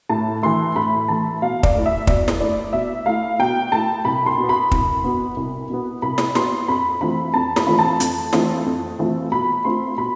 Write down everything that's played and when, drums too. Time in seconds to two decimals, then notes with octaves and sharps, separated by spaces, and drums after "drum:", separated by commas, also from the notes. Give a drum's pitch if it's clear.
0.09 A2 A5
0.43 E3 A3 C6
0.76 A2 B5
1.08 E3 A3 A5
1.42 B2 F5
1.63 D5, drum: kick
1.75 A3 E4
1.86 E5
2.07 B2 D5, drum: kick
2.28 drum: snare
2.40 A3 E4 D5
2.73 B2 E5
3.06 A3 E4 F5
3.39 B2 G5
3.72 A3 E4 A5
4.05 C2 B5
4.26 C6
4.38 B2 B3
4.49 B5
4.71 C2, drum: kick
5.04 B2 B3
5.37 C2
5.70 B2 B3
6.02 C2 B5
6.18 drum: snare
6.35 B2 B3 C6, drum: snare
6.68 F2 B5
7.01 E3 A3 C4 F4 B5
7.34 F2 A5
7.56 B5, drum: snare
7.67 E3 A3 C4 F4
7.79 A5
8.00 F2, drum: hi-hat
8.33 E3 A3 C4 F4, drum: snare
8.66 F2
8.99 E3 A3 C4 F4
9.32 B2 B5
9.65 A3 C4 F4 C6
9.98 B2 B5